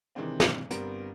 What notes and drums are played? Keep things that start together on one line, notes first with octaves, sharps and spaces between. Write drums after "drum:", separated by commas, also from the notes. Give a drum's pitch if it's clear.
C3 D#3 E3 G#3 C4 D4
drum: snare
G1 G3 B3 C4 A#4 D7, drum: hi-hat